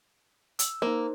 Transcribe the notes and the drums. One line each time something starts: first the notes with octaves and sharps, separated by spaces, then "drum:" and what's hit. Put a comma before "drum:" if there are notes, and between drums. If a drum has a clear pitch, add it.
E6, drum: hi-hat
A#3 D#4 A#4 C5